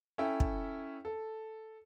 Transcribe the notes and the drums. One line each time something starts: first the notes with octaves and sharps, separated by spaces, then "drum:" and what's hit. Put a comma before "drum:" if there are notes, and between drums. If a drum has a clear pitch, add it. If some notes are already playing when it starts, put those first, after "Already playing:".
C#4 E4 A4 E5 G5
drum: kick
A4